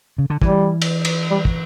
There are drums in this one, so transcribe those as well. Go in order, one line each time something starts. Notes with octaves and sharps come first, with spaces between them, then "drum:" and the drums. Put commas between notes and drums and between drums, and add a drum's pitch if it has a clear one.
C#3
D3
E3 G3, drum: kick
drum: cymbal
drum: cymbal
G3
drum: kick